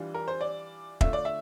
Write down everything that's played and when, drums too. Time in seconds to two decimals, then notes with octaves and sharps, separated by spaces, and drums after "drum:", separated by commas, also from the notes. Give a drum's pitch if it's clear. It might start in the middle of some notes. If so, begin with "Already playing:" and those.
Already playing: E3 G3 D4 F4
0.14 A#4
0.28 C5
0.41 D5
1.01 D3 A3 D4 F4 E5, drum: kick
1.13 D5
1.25 E5